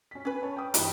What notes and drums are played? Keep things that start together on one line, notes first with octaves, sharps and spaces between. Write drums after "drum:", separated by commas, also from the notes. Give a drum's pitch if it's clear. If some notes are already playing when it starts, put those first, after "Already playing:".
C#4 B6
C#4 B4 G#5
C#5 A5
G5 D#6
G2 E3 D#4 G5 B5, drum: hi-hat